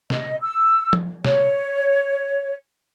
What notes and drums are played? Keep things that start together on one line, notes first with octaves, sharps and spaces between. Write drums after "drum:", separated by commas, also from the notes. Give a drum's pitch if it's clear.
D#5, drum: snare
E6
drum: tom F3
C#5, drum: snare